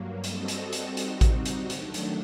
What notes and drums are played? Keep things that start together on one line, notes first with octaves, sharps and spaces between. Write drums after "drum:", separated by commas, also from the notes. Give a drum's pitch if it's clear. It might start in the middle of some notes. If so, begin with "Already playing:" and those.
Already playing: G2 F#3 A#3
G3 C4 F#4 A4 D#5, drum: hi-hat
drum: hi-hat
drum: hi-hat
G3 C4 D#4 F#4, drum: hi-hat
drum: kick A1, hi-hat
drum: hi-hat
D#3 F#3 A3 D4, drum: hi-hat
drum: hi-hat